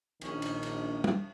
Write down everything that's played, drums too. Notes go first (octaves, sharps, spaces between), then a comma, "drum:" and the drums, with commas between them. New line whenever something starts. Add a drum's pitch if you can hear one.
A#1 D#3 C#4, drum: cymbal
drum: cymbal
drum: cymbal
drum: tom